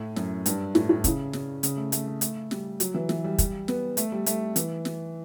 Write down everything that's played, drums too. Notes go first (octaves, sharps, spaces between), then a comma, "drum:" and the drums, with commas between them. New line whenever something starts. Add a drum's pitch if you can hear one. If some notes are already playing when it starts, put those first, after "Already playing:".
Already playing: A2
F#2, drum: snare
G2, drum: hi-hat
A2, drum: snare
A2
C#3, drum: kick, hi-hat
C#3, drum: snare
C#3, drum: hi-hat
A3
A3, drum: hi-hat
A3
A3, drum: hi-hat
G3, drum: snare
F#3, drum: hi-hat
E3
E3, drum: snare
G3
drum: kick, hi-hat
B3, drum: snare
A3, drum: hi-hat
G3
A3, drum: hi-hat
E3, drum: hi-hat
drum: snare